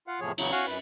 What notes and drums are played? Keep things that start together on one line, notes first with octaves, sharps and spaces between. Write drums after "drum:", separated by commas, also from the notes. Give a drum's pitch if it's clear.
F4 F5 F#5
E2 A2 C3 F3 G#4 C#5
E2 C#3 F#3, drum: cymbal
F#4 C#5 F5 F#5 G#5
F#2 B4